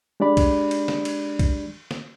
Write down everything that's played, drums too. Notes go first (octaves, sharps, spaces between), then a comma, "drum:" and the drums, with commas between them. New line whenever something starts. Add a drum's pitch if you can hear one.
G#3 D4 G4 D5 B5
drum: kick, cymbal
drum: cymbal
drum: snare
drum: cymbal
drum: kick, cymbal
drum: snare